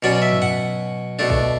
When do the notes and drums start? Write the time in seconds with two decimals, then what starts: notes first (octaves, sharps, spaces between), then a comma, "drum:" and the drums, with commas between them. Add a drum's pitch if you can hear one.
0.03 B2 F#3 C#4 D5
0.22 E5
0.32 drum: tom
0.42 F#5
1.19 B2 A3 D4
1.30 drum: kick